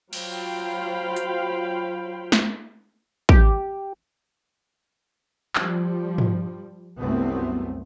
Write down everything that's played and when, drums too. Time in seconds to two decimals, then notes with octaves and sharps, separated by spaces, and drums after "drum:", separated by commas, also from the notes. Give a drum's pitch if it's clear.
0.13 F#3 F4 C5 F5 G5 B5, drum: cymbal
1.16 drum: hi-hat
2.32 drum: snare
3.29 G4, drum: kick
5.56 F3 G3, drum: clap
6.18 drum: tom
6.99 C2 F#2 A3 B3 C4